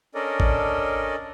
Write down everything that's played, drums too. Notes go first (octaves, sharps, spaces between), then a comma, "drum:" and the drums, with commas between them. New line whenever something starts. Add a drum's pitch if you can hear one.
C#4 D4 A4 A#4 D5 D#5
drum: kick A1